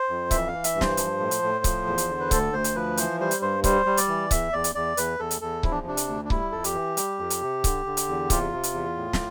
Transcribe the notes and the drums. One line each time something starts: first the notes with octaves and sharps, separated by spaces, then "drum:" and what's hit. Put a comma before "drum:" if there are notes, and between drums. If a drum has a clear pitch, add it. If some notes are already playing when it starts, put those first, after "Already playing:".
Already playing: C5
F2
E3 E5, drum: kick C#1, hi-hat
F5
E3
E5, drum: hi-hat
G2
C5, drum: snare
F3, drum: hi-hat
A2
drum: hi-hat
A2
F3, drum: kick C#1, hi-hat
E2
drum: hi-hat
D3
B4
D2 A4, drum: kick C#1, hi-hat
D2 C5
drum: hi-hat
F3 B4
E3 C5, drum: hi-hat
G3 C5
drum: hi-hat
G2 C5
G3 C5, drum: kick C#1, hi-hat
G3
D5, drum: hi-hat
E3
E2 E5, drum: kick C#1, hi-hat
E2 D5
drum: hi-hat
E2 D5
E2 B4, drum: hi-hat
E2 A4
drum: hi-hat
E2 A4
F3 E4, drum: kick C#1
D4
C3 D4
drum: hi-hat
D2
D4
G3 E4, drum: kick C#1
F2 A4
G4, drum: hi-hat
E3
G3, drum: hi-hat
F2
drum: hi-hat
C3
D3, drum: kick C#1, hi-hat
D3
drum: hi-hat
E2
C3 F4, drum: kick C#1, hi-hat
C3
drum: hi-hat
E2
A2
drum: snare